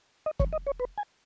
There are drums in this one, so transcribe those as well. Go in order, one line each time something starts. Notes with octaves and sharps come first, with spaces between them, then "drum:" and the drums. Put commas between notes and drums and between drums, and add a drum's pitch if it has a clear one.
D#5
C#5, drum: kick
D#5
C#5
B4
G#5